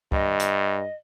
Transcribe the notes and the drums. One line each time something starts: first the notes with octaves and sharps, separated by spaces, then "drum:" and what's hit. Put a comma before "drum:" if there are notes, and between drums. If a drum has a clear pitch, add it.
G2 D#5, drum: kick
drum: hi-hat